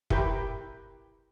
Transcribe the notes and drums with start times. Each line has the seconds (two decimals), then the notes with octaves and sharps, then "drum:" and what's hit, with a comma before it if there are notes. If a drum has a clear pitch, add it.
0.10 E4 G4 A#4 B4 G5 B5, drum: kick